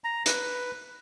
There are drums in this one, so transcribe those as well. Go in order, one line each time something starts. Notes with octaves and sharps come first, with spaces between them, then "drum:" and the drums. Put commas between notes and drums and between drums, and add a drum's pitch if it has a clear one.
A#5
B4, drum: hi-hat